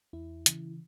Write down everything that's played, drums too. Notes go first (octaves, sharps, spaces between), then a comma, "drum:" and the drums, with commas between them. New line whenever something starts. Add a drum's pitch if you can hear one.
E2 E4
C#3 E3, drum: hi-hat